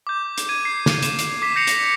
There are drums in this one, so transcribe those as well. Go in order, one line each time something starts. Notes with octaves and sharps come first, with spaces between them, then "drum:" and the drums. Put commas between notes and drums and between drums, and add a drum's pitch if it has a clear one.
D6 G6
drum: hi-hat
G#6 D#7
C7
drum: snare
E7, drum: hi-hat
drum: hi-hat
D6 B6
G6 A#6 C7 C#7 F7
drum: hi-hat